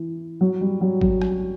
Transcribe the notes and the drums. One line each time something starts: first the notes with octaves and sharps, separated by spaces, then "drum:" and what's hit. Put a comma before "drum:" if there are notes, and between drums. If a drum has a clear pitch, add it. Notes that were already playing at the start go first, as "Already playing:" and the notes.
Already playing: E3
F#3
G3
F#3
F#3, drum: kick G#1
drum: rim click